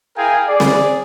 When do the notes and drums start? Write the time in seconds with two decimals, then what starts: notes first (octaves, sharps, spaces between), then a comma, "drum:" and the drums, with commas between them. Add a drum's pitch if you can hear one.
0.17 E4 G#4 A#4 F5 G5 G#5
0.48 G#4 D5
0.60 drum: snare C4